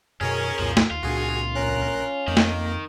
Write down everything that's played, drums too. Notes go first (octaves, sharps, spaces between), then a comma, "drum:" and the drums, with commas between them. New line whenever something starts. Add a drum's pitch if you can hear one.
F#2 B2 C#4 G#4 A#4 C#5
C2 F2 A#2 F3
drum: snare
D#2 F4
C#2 A#2 D4 F#4 G#4
A#1 C#4 A#4 F#6
F2 D#3 A#3
drum: snare